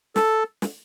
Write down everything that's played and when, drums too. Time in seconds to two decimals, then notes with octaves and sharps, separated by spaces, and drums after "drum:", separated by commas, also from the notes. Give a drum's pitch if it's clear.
0.16 A4, drum: snare
0.62 drum: snare